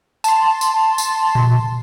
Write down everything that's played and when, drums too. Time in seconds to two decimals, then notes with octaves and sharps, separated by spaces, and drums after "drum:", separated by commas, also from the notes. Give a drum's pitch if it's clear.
0.24 A5 C6, drum: tambourine
0.61 drum: tambourine
0.98 drum: tambourine
1.35 drum: tom A#2